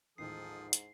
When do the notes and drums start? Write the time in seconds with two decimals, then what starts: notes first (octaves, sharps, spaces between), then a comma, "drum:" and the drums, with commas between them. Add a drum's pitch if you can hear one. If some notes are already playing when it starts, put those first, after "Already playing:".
0.18 A1 D#2 G#2 F3 A4 D#6 C7
0.73 drum: hi-hat